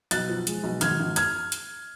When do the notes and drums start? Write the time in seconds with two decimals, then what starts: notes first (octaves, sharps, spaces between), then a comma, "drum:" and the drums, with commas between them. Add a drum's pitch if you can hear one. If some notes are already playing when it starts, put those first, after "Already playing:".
0.11 B1 F#6 A6, drum: hi-hat
0.29 F3
0.47 G#3, drum: hi-hat
0.63 B1
0.81 G#1 F6 G#6, drum: hi-hat
1.00 G#1
1.16 F6 G#6, drum: hi-hat
1.52 drum: hi-hat